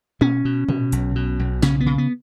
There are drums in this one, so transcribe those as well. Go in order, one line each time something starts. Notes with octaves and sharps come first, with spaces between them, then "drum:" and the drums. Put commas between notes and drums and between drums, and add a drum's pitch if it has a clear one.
B2 C#4, drum: tom
B2
B2, drum: tom
B1, drum: hi-hat
B2
B1
C#3 C#4, drum: snare
B3
C#3
B3